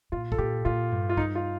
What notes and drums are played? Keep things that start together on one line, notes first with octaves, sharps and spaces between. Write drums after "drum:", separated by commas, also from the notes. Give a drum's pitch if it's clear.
A#2 F4
A4, drum: kick
A#2 G4
A#2 F4
G2
F4
D#4, drum: kick
F4